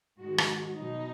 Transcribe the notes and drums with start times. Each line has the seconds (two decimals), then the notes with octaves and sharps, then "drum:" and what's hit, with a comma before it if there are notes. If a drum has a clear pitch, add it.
0.20 G#2 D#3 G#3 F#4
0.38 drum: rim click
0.76 B2 F#3 D#4